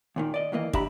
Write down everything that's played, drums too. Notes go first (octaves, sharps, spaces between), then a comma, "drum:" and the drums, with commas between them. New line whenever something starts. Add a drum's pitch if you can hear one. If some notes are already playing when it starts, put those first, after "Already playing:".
D#2 A#2 D#3
D5 D#5
D#3 E3 A#3 D#5
D4 G4 E5 A#5 B5, drum: kick